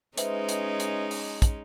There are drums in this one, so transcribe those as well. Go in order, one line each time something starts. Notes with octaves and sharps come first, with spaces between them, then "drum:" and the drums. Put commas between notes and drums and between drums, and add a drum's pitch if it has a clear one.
G#3 C#4 D#4 B4 C5 E5, drum: hi-hat
drum: hi-hat
drum: hi-hat
drum: open hi-hat
drum: kick, hi-hat